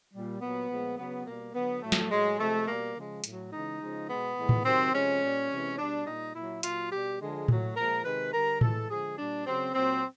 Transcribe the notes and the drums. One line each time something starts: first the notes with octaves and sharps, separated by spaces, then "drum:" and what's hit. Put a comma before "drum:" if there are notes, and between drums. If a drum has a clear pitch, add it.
A#2 G3
A#2 F#3 B3
A#2 F3 G#3
C#3 F#3 B3
B2 G3 A#3
D3 F#3 B3
A2 F#3 A3
drum: snare
A2 F#3 G#3
C3 F3 G#3 A3
B2 G3 A#3
C#3 F3 G#3
A2 F#3, drum: hi-hat
C#3 E3 G#3 D#4
C#3 F3 G#3
B2 G#3 B3
A2 E3 G#3
drum: tom A2
C3 D#3 F#3 C4
C3 F3 G#3 C#4
A#2 G3
C3 E3 G#3
B2 G3 D4
A#2 G3 D#4
A#2 F#3 E4
A#2 F#3 F4, drum: hi-hat
B2 G3 G4
D3 F3 G#3
A2 F#3, drum: tom A2
A#2 F3 G#3 A#4
C3 D#3 G#3 B4
D3 G3 A#4
A2 E3 G#3 A4, drum: tom A2
D3 F3 G#3 G#4
A#2 G3 D4
C#3 F#3 C4
A#2 F#3 C4